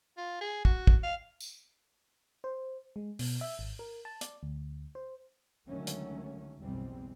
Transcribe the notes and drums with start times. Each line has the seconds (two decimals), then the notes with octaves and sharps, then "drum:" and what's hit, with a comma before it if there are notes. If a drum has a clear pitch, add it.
0.17 F4
0.41 G#4
0.65 F#4, drum: kick
0.87 drum: kick
1.03 F5
1.40 drum: tambourine
2.44 C5
2.96 G#3
3.19 B2, drum: open hi-hat
3.41 E5
3.59 G#1
3.79 A#4
4.05 A5
4.21 D5, drum: hi-hat
4.43 D2
4.95 C5
5.67 C#2 D3 D#3 F#3 A3 C#4
5.87 drum: hi-hat
6.59 F#1 B1 E2 G3 G#3 C4